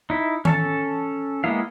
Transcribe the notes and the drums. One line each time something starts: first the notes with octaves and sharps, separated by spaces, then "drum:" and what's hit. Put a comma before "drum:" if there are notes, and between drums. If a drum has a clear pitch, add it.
D#4 E4
C#4 A4 A5, drum: tom D#3
G#3 A#3 B3 E4 F5